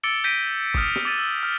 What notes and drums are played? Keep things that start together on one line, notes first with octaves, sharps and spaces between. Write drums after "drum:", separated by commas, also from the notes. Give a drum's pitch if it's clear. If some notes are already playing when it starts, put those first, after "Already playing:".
D6 E6 A6 C#7 D7 G7
G6 A#6 B6 D7 D#7
D6 D#6 F6, drum: kick
drum: snare
D6 E6 A6 D#7
E6
F6